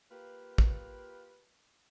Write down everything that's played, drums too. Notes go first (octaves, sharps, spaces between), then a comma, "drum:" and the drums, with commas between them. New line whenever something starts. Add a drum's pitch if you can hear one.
A#3 F4 G4 B4
drum: kick